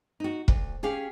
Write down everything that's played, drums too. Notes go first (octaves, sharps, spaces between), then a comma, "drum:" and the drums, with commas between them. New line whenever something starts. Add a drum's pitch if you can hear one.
D#4 F#4
D2, drum: kick
C#4 G4 G#4 F5